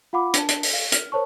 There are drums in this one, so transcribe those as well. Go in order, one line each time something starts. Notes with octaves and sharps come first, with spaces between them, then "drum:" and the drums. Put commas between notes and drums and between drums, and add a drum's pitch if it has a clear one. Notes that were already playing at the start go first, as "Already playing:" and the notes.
F4 F5 F#5 B5 D6
D4 A5, drum: hi-hat
drum: hi-hat
drum: open hi-hat
F5
F6, drum: hi-hat
A#4 C5 C#5 A5 C#6